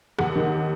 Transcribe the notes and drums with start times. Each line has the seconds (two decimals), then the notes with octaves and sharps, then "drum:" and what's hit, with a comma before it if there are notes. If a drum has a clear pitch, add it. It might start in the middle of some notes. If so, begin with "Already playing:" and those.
0.19 D#2 F#5, drum: rim click
0.36 D#3